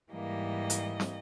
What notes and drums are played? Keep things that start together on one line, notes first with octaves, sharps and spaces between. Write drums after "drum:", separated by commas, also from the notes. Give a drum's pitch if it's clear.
G#2 E3 G3 A#3 D#5
drum: hi-hat
drum: snare